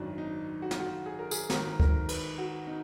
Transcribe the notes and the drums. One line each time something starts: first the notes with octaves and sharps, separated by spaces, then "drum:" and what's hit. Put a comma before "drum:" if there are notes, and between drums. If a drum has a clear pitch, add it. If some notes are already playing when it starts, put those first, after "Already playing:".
Already playing: G#1 F#2 D#3 D4
D#4
F#4
F4, drum: snare
F#4
G#4
A#4
G#4, drum: tambourine
G#1 G#2 D#3 A#4, drum: snare
A#4, drum: kick C#2
B4, drum: cymbal
F#4
D#4